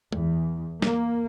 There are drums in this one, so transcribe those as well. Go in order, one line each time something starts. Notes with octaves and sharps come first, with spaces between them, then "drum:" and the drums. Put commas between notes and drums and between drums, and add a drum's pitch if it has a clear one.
E2, drum: tom
A#3, drum: snare